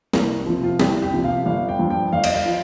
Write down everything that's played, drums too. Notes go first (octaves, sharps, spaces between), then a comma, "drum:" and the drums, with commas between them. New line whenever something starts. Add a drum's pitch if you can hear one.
C2 A#3, drum: snare
C3 F3
F4
C2 G4, drum: snare
G4
C3 F3
F5
G1 F5
G5
G2 F3
G5
G1 F5
D#5, drum: cymbal
F5
F3